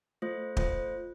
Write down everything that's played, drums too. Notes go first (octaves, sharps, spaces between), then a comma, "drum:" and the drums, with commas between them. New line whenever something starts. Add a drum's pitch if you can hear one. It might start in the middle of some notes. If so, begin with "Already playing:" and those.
A3 F4 C5
A3 F4 C5, drum: kick